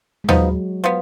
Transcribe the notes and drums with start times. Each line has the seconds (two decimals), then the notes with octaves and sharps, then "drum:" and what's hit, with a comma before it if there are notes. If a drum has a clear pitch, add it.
0.24 G#3
0.29 F3 F#3 B3 D#4, drum: tom D#2
0.84 F3 B3